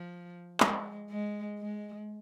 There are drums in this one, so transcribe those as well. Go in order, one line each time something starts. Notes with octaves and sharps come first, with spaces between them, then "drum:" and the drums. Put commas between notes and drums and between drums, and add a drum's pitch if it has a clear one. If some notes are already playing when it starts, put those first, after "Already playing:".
Already playing: F3
G#3, drum: clap
G#3
G#3